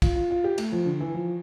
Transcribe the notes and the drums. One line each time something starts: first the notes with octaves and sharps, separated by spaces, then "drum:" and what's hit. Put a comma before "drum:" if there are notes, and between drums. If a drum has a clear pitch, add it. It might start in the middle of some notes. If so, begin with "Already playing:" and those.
F4, drum: kick, cymbal
F4
F4
G4
A3, drum: cymbal
F3
D3
E3
F3